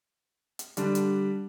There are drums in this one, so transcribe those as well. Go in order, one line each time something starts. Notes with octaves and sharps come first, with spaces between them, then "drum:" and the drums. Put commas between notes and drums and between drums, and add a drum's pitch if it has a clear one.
drum: hi-hat
D3 G3 D4, drum: hi-hat
drum: hi-hat